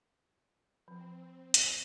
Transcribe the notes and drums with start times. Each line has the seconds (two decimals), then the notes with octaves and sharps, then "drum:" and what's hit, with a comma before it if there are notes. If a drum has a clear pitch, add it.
0.88 F3 C4
1.54 drum: hi-hat